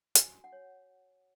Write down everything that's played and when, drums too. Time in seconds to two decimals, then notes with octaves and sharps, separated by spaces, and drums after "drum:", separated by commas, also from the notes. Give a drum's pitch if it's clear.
0.15 F#4 G#5, drum: hi-hat
0.35 F#4
0.44 F#5
0.52 C#5